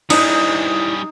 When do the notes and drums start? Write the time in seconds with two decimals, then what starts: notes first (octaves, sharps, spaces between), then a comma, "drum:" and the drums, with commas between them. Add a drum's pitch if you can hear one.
0.10 G3 C#4 D#4 E4 D5 D#6, drum: cymbal